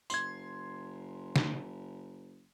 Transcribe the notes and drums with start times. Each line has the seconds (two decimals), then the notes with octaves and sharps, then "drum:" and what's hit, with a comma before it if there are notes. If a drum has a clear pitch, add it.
0.10 F#1 C6 G#6, drum: tambourine
1.36 drum: snare